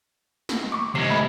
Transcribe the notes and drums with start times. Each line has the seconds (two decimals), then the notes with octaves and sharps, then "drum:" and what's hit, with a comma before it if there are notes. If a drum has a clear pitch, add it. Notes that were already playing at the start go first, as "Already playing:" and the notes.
0.49 drum: snare
0.72 C#6 D6
0.95 C3 G#3 C7
1.10 A3 B5